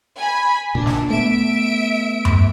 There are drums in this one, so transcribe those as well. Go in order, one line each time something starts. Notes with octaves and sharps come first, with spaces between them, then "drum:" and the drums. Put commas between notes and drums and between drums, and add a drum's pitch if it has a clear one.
G#5 B5
A#2 D4
drum: snare
A3 B3 E5 D7
drum: tom F#2